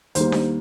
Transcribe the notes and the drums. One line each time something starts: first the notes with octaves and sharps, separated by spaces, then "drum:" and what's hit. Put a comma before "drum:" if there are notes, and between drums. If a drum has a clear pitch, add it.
D#2 D#3 G3 A#3 C5, drum: hi-hat
drum: snare D4